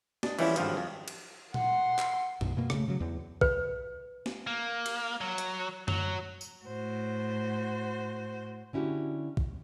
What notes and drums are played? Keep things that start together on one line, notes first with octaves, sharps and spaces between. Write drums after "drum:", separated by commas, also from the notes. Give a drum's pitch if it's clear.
D4 D#5, drum: snare
E3 F3 G3 C#4 E4, drum: cymbal
G#1 G2 F3 F#3, drum: hi-hat
F2
drum: cymbal
F#5 C6, drum: tom
drum: clap
B1, drum: tom F#2
B2 A#3
C#3 A3, drum: rim click
C#3 F#3
E2
B4, drum: kick
drum: snare
A#3
drum: cymbal
F#3
drum: hi-hat
F#3, drum: tom F#2
drum: tambourine
A2 F#4 C5
D3 C#4 E4 F#4 G4
drum: kick